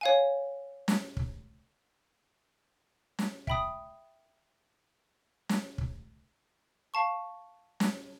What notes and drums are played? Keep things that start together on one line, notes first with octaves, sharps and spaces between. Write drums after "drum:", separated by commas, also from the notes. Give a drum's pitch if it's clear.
C#5 F5 G#5
drum: snare
drum: kick
drum: snare
E5 G5 B5 D#6, drum: kick
drum: snare
drum: kick
F5 A5 C#6
drum: snare